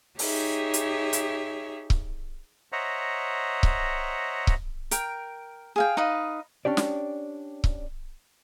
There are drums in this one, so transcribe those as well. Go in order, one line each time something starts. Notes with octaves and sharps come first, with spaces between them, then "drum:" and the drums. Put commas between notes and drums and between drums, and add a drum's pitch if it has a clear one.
D#4 G4 G#4 C#5 E5, drum: open hi-hat
drum: hi-hat
drum: hi-hat
drum: kick C#1
C5 C#5 D#5 E5 F#5 A#5
drum: kick C#1
drum: kick C#1
A#4 G5, drum: hi-hat
G#4 F5 G5
D#4 B4 D#5 F5
C#4 D4 G4 D5
drum: snare
drum: kick C#1